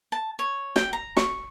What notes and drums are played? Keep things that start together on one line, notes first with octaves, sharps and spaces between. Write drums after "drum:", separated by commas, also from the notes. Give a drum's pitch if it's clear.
A5
C#5
G5, drum: snare
A#5
C#6, drum: snare